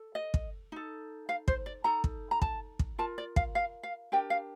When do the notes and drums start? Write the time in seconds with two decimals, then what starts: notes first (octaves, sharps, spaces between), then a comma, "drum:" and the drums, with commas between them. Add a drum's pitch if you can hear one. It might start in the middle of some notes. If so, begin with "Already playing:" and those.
Already playing: A4
0.15 D#5
0.34 drum: kick
0.72 D#4 A4
1.29 F5
1.48 C5, drum: kick
1.66 D5
1.84 D#4 A4 A#5
2.04 drum: kick
2.31 A#5
2.42 A5, drum: kick
2.79 drum: kick
2.98 F4 A#4 A5
3.18 D5
3.36 F5, drum: kick
3.55 F5
3.83 F5
4.12 D4 G4 A#4 G5
4.30 F5